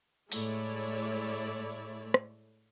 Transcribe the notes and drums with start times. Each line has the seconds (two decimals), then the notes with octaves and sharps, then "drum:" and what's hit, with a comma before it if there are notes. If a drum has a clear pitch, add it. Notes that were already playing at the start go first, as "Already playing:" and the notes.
0.32 A2 G#3 A3 E4 C#5 D5, drum: open hi-hat
2.14 drum: rim click